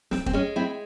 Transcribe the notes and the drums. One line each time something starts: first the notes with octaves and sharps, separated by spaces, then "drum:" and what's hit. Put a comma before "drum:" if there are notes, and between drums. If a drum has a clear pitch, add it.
C4, drum: snare
C4, drum: kick
G#3 C#4
C4 E4